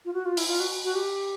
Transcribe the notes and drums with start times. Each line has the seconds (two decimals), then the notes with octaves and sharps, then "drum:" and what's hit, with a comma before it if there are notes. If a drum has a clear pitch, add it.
0.05 F4
0.13 F#4
0.25 F4
0.37 E4, drum: open hi-hat
0.48 F4
0.60 F#4
0.84 F#4
0.95 G4